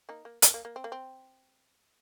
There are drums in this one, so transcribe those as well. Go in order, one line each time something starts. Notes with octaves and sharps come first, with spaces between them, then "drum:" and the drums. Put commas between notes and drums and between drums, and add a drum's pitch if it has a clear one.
A#3 D#4
A#3
A#3, drum: hi-hat
A#3
A#3
C4
A#3
C4